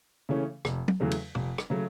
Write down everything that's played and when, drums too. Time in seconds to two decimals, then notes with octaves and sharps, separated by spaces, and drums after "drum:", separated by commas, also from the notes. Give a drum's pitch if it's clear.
0.29 C#3 E3 A3 C#4
0.65 F1, drum: rim click
0.88 drum: tom
1.00 E2 C#3 F#3 A3
1.11 drum: cymbal
1.35 F1, drum: tom
1.58 drum: rim click
1.70 C#3 F#3 A3